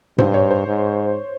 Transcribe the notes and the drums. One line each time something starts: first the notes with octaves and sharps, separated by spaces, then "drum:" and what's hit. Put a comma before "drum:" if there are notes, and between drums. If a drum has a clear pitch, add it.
G2 C5, drum: tom G#2
C#5
C5
G#2